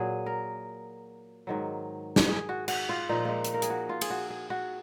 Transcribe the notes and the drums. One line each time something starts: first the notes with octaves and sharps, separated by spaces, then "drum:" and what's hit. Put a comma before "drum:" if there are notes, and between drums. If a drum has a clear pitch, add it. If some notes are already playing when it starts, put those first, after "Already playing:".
Already playing: A#2 F#3 F#4 G#4
A#4
G#2 D#3 F#3
drum: snare
G#4
F#4
F#4, drum: cymbal
F4
A#2 F3 D#4
G#3 A#3
drum: hi-hat
A#4
G#4, drum: hi-hat
F#4
F4
G#4, drum: cymbal
F#4
G#4
F#4